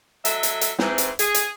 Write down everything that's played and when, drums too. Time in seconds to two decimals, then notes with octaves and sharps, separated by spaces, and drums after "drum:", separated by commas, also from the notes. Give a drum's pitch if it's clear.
0.25 F#3 G#3 A4 E5, drum: hi-hat
0.43 drum: hi-hat
0.61 drum: hi-hat
0.79 G#2 E3 C4, drum: snare
0.98 drum: hi-hat
1.19 G#4, drum: hi-hat
1.34 drum: hi-hat